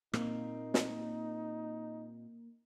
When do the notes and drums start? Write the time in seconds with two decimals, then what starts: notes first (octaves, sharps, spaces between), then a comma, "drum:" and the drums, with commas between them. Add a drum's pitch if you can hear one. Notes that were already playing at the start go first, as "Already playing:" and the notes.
0.13 A#2 A#3 C4 D#4, drum: rim click
0.74 drum: snare